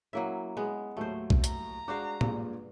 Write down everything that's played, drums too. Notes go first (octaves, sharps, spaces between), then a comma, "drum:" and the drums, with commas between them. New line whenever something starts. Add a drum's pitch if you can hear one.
F#3 A#3 C#4 E4 E5
G#3 B3
D#2 A2 F#3 A3 C5
drum: kick B1
A#5, drum: hi-hat
G#3 D4 F#4 C5 F5 D6
A#1 G2 A#2 G#3, drum: tom A2